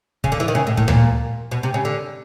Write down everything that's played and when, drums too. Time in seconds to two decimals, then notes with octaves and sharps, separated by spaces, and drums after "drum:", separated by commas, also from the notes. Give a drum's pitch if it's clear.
0.24 C#3, drum: kick
0.32 D3
0.40 E3
0.48 D#3
0.55 C#3
0.67 A2
0.77 A2, drum: kick
0.88 A#2, drum: tom D2
1.51 B2
1.63 C3
1.74 C#3
1.85 D3